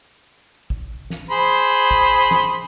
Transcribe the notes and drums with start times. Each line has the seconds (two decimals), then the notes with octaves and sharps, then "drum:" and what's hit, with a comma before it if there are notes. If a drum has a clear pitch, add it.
0.70 drum: kick
1.10 drum: snare
1.30 G#4 C5 B5
1.91 drum: kick
2.31 drum: snare